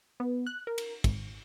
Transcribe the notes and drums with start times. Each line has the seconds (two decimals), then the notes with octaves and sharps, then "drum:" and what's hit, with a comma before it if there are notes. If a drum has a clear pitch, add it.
0.20 B3
0.47 F#6
0.67 A#4
0.78 drum: cymbal
1.04 G#1, drum: kick, cymbal